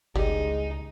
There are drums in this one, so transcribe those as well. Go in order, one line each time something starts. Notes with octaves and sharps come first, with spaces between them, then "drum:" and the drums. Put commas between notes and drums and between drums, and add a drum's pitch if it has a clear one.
C#2 G3 G#3 D#4, drum: kick G1